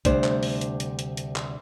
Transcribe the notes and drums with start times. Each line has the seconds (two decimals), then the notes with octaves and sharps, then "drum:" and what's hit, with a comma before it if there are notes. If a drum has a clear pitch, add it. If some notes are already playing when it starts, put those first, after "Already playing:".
0.05 D2 C3 G3 D4 C5, drum: kick B1, hi-hat
0.24 drum: clap
0.43 drum: open hi-hat
0.61 drum: hi-hat
0.80 drum: hi-hat
0.99 drum: hi-hat
1.17 drum: hi-hat
1.36 drum: clap